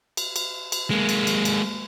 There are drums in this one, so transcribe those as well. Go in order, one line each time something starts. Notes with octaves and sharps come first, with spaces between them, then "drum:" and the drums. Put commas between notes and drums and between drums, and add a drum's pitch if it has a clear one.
drum: cymbal
drum: cymbal
drum: cymbal
G#3 A#3
drum: cymbal
drum: cymbal
drum: cymbal